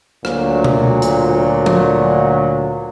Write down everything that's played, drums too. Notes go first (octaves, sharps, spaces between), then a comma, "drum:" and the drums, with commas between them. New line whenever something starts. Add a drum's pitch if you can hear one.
D2 A#2 F#3, drum: rim click
drum: tom B2
drum: hi-hat
drum: tom F3